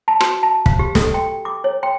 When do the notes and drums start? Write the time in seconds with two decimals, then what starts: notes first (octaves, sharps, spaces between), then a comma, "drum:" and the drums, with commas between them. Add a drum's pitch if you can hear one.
0.08 A5
0.21 F#4, drum: rim click
0.43 A5
0.66 F5, drum: kick
0.79 G4
0.95 A4, drum: snare
1.14 G5
1.45 D6
1.64 C#5
1.83 G5